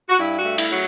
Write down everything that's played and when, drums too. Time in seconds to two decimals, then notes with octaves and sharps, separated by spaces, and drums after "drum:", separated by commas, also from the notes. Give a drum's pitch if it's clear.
0.09 F#4
0.18 G2 E4
0.38 F#4
0.45 A3
0.58 E4, drum: cymbal
0.71 F#3